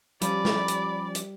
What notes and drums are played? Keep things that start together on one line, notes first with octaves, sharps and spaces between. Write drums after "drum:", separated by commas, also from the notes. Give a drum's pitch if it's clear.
F3 G3 C#4 D5 B5, drum: hi-hat
drum: snare
drum: hi-hat
drum: hi-hat